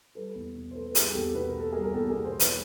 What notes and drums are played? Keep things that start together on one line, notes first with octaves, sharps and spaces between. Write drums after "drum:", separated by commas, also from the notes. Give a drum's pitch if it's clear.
G3 A4 B4
E2
B2
C5
A#3 A4 B4
B4
G3 G#4 A#4, drum: hi-hat
E2 G4 A4
B2 B4
A#4
A#3 A4
G3 G#4 A#4
A#4
E2 G4 A4
G#4 A#4
B2
A#4 C5
A#3
B4 C#5, drum: hi-hat